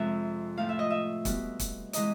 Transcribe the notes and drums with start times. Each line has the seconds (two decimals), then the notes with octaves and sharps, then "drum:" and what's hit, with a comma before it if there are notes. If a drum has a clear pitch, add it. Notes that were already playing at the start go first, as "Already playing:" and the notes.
Already playing: F2 C3 F3 G#3 E5
0.57 A2 F3 A3 F5
0.69 E5
0.79 D#5
0.90 E5
1.25 B2 G3, drum: kick, hi-hat
1.59 drum: kick, hi-hat
1.93 C3 E3 G#3 D#5, drum: hi-hat